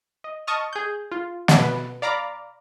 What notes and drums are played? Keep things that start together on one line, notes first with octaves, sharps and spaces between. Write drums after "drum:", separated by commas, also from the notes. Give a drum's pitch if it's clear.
D#5
D#5 A5 C#6 D#6 F6
G#4 G6
F4
drum: snare
B2 B4
D5 F5 A#5 B5 D6